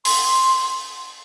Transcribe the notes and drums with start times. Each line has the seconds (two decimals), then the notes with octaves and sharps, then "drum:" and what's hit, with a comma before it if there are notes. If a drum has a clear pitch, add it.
0.05 C6, drum: open hi-hat